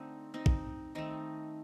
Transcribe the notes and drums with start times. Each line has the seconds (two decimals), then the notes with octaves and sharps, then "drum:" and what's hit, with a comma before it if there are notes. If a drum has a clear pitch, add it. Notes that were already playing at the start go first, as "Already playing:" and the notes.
Already playing: D3 A3 C4 D#4
0.34 C4 D#4
0.46 drum: kick
0.95 D#3 A3 C4 D#4